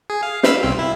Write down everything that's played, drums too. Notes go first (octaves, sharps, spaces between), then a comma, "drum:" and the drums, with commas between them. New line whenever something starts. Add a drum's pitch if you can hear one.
G#4
F5
F5 B5 E6, drum: snare
C2 C4
E4